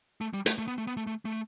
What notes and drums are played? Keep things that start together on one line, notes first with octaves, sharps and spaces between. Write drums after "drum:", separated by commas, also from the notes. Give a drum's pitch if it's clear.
A3
G3
A3, drum: hi-hat
A3
B3
A3
B3
A3
A3
A3